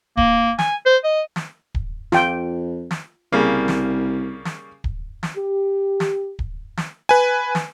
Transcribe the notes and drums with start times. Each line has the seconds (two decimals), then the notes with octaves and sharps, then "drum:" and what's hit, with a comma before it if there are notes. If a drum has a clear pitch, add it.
0.17 A#3, drum: kick D1
0.58 G#5, drum: snare
0.86 C5
1.04 D#5
1.36 drum: snare
1.75 drum: kick D1
2.12 F2 F4 G5, drum: snare
2.91 drum: snare
3.32 C2 C#3 G3 A#3
3.68 drum: snare
4.45 drum: snare
4.84 drum: kick D1
5.23 drum: snare
5.37 G4
6.00 drum: snare
6.39 drum: kick D1
6.77 drum: snare
7.09 B4 G#5
7.55 drum: snare